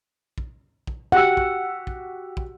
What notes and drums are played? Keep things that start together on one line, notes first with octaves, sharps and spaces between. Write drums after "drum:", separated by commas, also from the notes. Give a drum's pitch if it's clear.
drum: kick
drum: kick
F#4 G4 F#5 E6
drum: kick
drum: kick
drum: kick